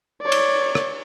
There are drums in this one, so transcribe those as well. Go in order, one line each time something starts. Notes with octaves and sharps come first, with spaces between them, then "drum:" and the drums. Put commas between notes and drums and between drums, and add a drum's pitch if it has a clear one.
C#5 D5
drum: cymbal
drum: rim click